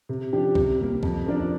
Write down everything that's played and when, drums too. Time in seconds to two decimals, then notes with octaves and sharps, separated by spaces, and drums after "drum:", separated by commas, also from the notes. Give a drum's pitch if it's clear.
0.09 C3
0.33 F3 D4 G4
0.55 C3, drum: kick
0.80 G3 A#3
1.03 F2, drum: kick
1.26 F3 D4 A#4 D5